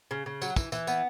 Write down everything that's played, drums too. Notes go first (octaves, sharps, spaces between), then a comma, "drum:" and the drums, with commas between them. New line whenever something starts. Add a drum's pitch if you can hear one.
C#3
C#3
F#3, drum: tambourine
E3, drum: kick, tambourine
E3, drum: tambourine
B3, drum: tambourine